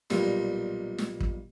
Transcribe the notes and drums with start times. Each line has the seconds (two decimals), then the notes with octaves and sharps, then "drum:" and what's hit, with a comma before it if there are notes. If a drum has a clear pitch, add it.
0.10 B1 A#2 G3, drum: snare
0.98 drum: snare
1.20 drum: kick